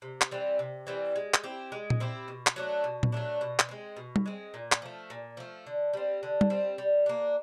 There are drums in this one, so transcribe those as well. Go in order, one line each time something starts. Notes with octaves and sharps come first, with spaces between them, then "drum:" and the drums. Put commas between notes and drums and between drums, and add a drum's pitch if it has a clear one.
C3
drum: clap
E3 G3 C4
C3
E3 G3 C4
G#3
drum: clap
C4 E4 G4
G#3
drum: tom A#2
C4 E4 G4
B2
drum: clap
F#3 A3 D4
B2
drum: tom A#2
F#3 A3 D4
B2
drum: clap
G#3 C4
B2
drum: tom G3
G#3 C4
A#2
drum: clap
F3 A3
A#2
F3 A3
D3
G3 C4
D3
drum: tom G3
G3 C4
G3
A#3 D4